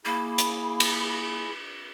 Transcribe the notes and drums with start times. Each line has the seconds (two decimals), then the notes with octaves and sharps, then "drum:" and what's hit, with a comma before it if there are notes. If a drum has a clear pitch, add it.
0.05 A#3 E4 G#4 B5
0.38 drum: hi-hat
0.80 drum: cymbal